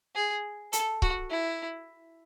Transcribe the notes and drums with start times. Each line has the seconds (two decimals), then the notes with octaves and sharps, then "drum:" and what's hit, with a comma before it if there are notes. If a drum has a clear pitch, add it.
0.15 G#4
0.73 A4, drum: hi-hat
1.02 F#4, drum: kick C#1
1.30 E4